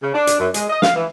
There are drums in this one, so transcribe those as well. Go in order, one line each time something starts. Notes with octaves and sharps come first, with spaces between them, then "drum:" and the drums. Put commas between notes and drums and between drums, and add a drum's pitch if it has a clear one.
C#3
D4
drum: hi-hat
F#2
G#3, drum: hi-hat
D#5
F5, drum: snare
E3